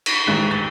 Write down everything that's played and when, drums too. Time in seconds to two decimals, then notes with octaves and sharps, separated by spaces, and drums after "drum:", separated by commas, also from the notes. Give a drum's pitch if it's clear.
0.06 drum: cymbal
0.27 A1 G#2 D#3 G#3 F#6
0.51 A6